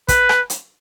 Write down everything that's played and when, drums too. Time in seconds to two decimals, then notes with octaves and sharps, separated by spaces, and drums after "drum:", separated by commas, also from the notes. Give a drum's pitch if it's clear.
0.08 B4, drum: kick, hi-hat
0.29 drum: rim click
0.50 drum: hi-hat